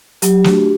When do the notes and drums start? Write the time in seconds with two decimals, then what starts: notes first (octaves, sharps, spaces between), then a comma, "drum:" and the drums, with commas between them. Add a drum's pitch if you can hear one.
0.22 F#3 G4, drum: hi-hat
0.44 A3 D4 F#4, drum: snare